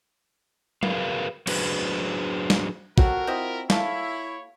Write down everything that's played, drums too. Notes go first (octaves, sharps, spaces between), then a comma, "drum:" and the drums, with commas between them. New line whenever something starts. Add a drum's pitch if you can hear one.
F#4 G#4 A#4 B4 F5, drum: tom F#3
F#3 D4 F#4 G#4 B4 C5, drum: cymbal
drum: snare
F#3 C4 F#4 A4 A#4, drum: kick A#1
C4 E4 F4 D#5
A#3 E4 F4 A4 C#5, drum: snare